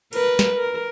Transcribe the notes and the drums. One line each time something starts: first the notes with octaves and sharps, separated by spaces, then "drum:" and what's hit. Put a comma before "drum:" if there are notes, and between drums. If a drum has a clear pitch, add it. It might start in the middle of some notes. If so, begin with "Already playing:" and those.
A#4 B4, drum: cymbal
drum: snare
A#4